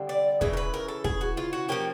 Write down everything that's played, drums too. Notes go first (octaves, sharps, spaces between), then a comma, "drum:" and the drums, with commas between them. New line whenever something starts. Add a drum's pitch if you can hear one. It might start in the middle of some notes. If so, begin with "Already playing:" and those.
Already playing: D3 G3 C4
D5
C#3 E3 D#5, drum: kick
A#4
B4
A#4
A4
G#4, drum: kick
F#4
F4
F#4
F3 A#3 C#4 G4